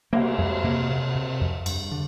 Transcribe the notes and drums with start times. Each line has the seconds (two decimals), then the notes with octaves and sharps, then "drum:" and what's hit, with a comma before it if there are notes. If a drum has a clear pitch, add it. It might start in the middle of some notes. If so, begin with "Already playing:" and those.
0.13 C3 A#3, drum: cymbal
0.38 F2 G#3
0.63 C3 A#3
0.90 C3
1.15 C3
1.41 F2
1.66 G2, drum: cymbal
1.92 D3